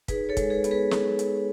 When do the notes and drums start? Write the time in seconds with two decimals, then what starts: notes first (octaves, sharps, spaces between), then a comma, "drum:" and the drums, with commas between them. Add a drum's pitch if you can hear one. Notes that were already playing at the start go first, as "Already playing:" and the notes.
0.08 D#4 G#4 B4, drum: kick, hi-hat
0.29 A4 C#5
0.37 G#3, drum: kick, hi-hat
0.50 G#4 B4
0.64 B3, drum: hi-hat
0.71 G#4 B4
0.91 drum: snare
1.19 drum: hi-hat